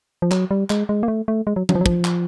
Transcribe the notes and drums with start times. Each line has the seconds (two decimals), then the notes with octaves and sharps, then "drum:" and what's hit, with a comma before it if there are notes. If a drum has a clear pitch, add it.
0.22 F3
0.31 F#3, drum: clap
0.51 G3
0.70 G#3, drum: clap
0.89 G#3
1.03 A#3
1.08 A3
1.28 A3
1.47 G#3
1.56 F#3
1.69 F#3, drum: tom E3
1.75 F3
1.81 F#3
1.86 F3, drum: kick
2.05 drum: clap